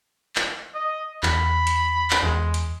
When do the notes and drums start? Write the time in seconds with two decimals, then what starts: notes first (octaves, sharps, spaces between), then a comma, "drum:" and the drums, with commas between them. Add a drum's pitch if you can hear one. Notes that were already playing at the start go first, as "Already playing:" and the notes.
0.36 drum: clap
0.75 D#5
1.23 E2 B5, drum: clap
1.67 drum: hi-hat
2.10 drum: clap
2.23 E2 G#3
2.54 drum: hi-hat